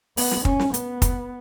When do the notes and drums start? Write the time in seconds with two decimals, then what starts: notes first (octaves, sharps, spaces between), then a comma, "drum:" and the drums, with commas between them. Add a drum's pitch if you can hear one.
0.17 B3, drum: open hi-hat
0.31 drum: snare
0.45 C#4, drum: kick
0.60 drum: snare
0.74 B3, drum: hi-hat
1.02 drum: kick, hi-hat